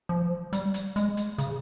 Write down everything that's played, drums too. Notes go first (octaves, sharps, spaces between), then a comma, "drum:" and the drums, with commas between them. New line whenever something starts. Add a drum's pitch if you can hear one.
F3
G3, drum: hi-hat
drum: hi-hat
G#3, drum: hi-hat
drum: hi-hat
C#3, drum: hi-hat